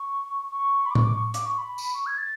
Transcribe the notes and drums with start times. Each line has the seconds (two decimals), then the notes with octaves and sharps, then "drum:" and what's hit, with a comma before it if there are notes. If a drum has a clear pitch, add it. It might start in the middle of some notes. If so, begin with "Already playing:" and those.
Already playing: C#6
0.51 C#6
0.86 B5
0.91 D6
0.95 C#6, drum: tom A2
1.04 D6
1.14 C#6
1.34 D6, drum: hi-hat
1.46 C#6
1.58 B5
1.78 drum: tambourine
1.94 C#6
2.06 G#6
2.18 A6